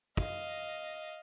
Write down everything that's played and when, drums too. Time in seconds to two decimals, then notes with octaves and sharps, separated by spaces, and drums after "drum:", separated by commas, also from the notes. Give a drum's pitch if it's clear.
0.17 D#5 F5, drum: kick